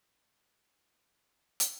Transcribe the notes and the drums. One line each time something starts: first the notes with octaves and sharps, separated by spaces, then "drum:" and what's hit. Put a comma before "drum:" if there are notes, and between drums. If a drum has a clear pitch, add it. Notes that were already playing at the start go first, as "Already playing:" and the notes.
Already playing: D2 D3 F#3 B3 D4
F3 B3 D#4 F#4
drum: hi-hat